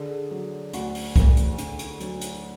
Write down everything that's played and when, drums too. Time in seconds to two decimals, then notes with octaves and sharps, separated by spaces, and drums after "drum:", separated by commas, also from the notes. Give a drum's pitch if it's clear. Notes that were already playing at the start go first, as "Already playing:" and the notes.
Already playing: D3 G#4
0.31 F#3
0.73 D2 F#4, drum: hi-hat
0.95 drum: open hi-hat
1.16 D2, drum: kick C2, hi-hat
1.37 drum: hi-hat
1.58 D3, drum: hi-hat
1.79 drum: hi-hat
2.00 F#3, drum: hi-hat
2.21 drum: hi-hat